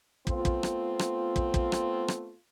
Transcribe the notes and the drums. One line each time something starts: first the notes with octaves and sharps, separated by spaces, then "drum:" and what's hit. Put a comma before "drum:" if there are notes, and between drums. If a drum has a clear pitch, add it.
A3 B3 C4 F4, drum: kick
drum: kick
drum: rim click
drum: rim click
drum: kick
drum: kick
drum: rim click
drum: rim click